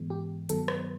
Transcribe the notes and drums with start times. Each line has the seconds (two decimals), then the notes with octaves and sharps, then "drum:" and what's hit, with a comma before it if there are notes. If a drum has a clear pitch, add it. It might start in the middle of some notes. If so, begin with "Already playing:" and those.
Already playing: G#2 E3 G#3 B3
0.10 G4
0.49 G2 D#3 F#3 B3 A4, drum: hi-hat
0.68 drum: rim click